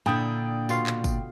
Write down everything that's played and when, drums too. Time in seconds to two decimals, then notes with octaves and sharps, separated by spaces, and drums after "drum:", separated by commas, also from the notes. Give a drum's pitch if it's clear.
0.06 A#2 D3 D4 E4 G5 D#6 G6
0.69 B2 F4 F5, drum: tambourine
0.87 drum: clap
1.04 drum: kick, tambourine